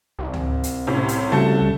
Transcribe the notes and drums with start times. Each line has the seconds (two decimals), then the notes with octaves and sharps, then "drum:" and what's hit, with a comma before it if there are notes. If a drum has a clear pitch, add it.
0.19 C2
0.34 drum: tom C#2
0.64 drum: hi-hat
0.87 A2 C3 C#4
1.08 drum: hi-hat
1.32 C#3 G3 A3 F#4 A5